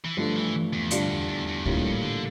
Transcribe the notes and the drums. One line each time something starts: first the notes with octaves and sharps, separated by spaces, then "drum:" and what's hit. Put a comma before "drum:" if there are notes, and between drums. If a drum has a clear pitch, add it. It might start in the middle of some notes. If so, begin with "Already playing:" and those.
E3
G2 D3 F3 A3
E3
E2
G2 D3 G3 D4 F4, drum: hi-hat
E2
E2
E2
A#1 F2 A2 G3 A#3 F4, drum: kick C#2
G2
D3